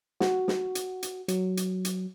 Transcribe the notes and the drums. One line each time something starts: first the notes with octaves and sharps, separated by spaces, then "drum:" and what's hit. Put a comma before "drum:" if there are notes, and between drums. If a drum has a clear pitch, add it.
F#4, drum: snare
drum: snare
drum: hi-hat
drum: hi-hat
F#3, drum: hi-hat
drum: hi-hat
drum: hi-hat